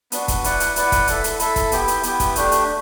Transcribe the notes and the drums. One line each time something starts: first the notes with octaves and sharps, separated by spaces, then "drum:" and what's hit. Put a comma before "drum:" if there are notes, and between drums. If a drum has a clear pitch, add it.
B3 D4 F#4, drum: hi-hat
drum: kick E1, hi-hat
E4 B4 D5 F#5, drum: hi-hat
drum: hi-hat
E4 B4 D5 F#5, drum: hi-hat
drum: kick E1, hi-hat
E4 A4 E5, drum: hi-hat
drum: hi-hat
E4 A4 E5, drum: hi-hat
drum: kick E1, hi-hat
B3 E4 G4, drum: hi-hat
drum: hi-hat
B3 E4 G4, drum: hi-hat
drum: kick E1, hi-hat
A3 D4 G4, drum: hi-hat
drum: hi-hat